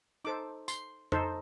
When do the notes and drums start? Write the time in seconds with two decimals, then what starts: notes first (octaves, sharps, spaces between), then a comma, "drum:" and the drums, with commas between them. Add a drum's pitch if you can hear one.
0.25 D#4 A4 C5 D6
0.68 C6, drum: tambourine
1.12 D#4 A4 C5, drum: tom F2